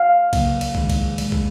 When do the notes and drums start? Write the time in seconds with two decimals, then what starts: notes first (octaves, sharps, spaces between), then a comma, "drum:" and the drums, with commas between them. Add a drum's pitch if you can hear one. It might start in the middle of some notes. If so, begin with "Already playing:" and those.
Already playing: F5
0.33 C#3 F#3 A#3, drum: kick, cymbal
0.61 drum: cymbal
0.75 D#3 G#3, drum: kick
0.90 drum: kick, cymbal
1.18 A#2 G#3, drum: cymbal
1.32 drum: kick